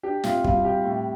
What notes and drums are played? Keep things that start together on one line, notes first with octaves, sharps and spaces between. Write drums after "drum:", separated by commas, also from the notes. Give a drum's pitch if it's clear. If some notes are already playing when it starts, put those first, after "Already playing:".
D4 G4
C3 F4, drum: snare
G3 F4, drum: kick
C3 G4
A2